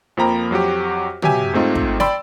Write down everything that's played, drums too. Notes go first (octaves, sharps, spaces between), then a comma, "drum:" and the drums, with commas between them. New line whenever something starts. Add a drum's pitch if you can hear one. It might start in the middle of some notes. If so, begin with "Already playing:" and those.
F2 F3 A#3 G5 A#5 B5
F2 F#3 F#4 G4
B2 F#3 G4 E5 G#5, drum: tom
G#2 A3 C4 D#4 F4
drum: kick
D5 G5 B5 C6 E6, drum: snare